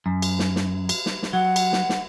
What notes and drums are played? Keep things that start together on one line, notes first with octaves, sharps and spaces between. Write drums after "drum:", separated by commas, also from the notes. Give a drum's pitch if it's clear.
F#2
drum: cymbal
drum: snare
drum: snare
drum: cymbal
drum: snare
drum: snare
F#3 F#5
drum: cymbal
drum: snare
drum: snare